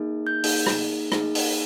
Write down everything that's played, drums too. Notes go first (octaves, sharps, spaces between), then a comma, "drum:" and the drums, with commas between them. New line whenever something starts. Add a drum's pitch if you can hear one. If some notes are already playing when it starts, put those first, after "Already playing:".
Already playing: A#3 D#4 G#4
G6
A#3 D#4 G#4, drum: open hi-hat
drum: rim click
A#3 D#4 G#4, drum: rim click
drum: open hi-hat